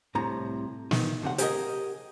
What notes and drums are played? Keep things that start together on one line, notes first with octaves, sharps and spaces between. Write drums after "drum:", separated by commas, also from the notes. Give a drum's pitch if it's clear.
C2 A2 C3 A#5
D#3, drum: snare
B1 C3 F#5
G4 G#4 A#4 D#5, drum: hi-hat